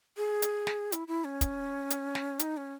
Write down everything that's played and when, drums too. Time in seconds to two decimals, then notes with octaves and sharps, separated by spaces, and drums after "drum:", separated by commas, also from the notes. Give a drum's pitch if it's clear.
0.17 G#4
0.42 drum: hi-hat
0.67 drum: snare
0.92 E4, drum: hi-hat
1.08 E4
1.24 C#4
1.41 drum: kick, hi-hat
1.90 drum: hi-hat
2.15 drum: snare
2.39 D#4, drum: hi-hat
2.57 C#4